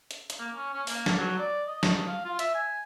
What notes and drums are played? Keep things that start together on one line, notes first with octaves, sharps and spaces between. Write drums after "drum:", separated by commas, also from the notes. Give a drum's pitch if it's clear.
drum: hi-hat
drum: hi-hat
A#3
C#4
C#4
A#3, drum: open hi-hat
drum: snare
F#3
D5
D#5
drum: snare
F5
F4
E5, drum: hi-hat
G#5